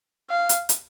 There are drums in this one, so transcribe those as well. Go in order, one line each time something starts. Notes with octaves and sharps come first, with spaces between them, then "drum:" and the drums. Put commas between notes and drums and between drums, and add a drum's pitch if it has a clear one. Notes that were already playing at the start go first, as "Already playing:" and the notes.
F5
drum: hi-hat
drum: hi-hat